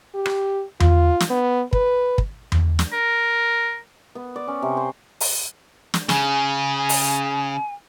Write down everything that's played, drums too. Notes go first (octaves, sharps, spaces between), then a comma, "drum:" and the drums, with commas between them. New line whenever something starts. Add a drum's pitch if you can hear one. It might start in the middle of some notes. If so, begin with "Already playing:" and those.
G4
drum: rim click
F4, drum: tom E2
drum: snare
B3
B4, drum: kick
drum: kick
drum: tom E2
drum: snare
A#4
B3
D5
C#4
C3
C5
drum: open hi-hat
drum: snare
C#3 G#5, drum: snare
drum: open hi-hat